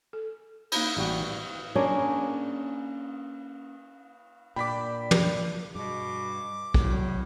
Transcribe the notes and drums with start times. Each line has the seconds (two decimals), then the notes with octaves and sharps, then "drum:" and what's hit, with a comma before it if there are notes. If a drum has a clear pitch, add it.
0.13 A4
0.72 A#3 D#4 B5, drum: cymbal
0.97 A1 G3 F#4
1.75 A#3 C#4 D4 G#4
4.56 A#2 D4 G5 B5 D6 B6
5.11 drum: tom
5.75 G2 B2 G#4 D6
6.74 B1 A2 C3 F#3 G3, drum: kick